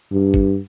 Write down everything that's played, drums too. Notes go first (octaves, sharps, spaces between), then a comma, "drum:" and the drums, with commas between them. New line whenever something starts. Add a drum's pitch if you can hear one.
G2
drum: kick